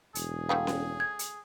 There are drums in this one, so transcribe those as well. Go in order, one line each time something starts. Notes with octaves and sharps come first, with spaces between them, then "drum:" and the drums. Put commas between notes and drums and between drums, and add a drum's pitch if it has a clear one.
E1 G#4, drum: hi-hat
D3 A3 B4 F5 G5
drum: snare C#4
G#6
drum: hi-hat